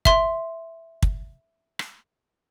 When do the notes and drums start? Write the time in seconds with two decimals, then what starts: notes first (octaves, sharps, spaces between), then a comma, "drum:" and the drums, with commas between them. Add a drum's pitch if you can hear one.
0.05 E5 C6, drum: kick
1.03 drum: kick
1.79 drum: rim click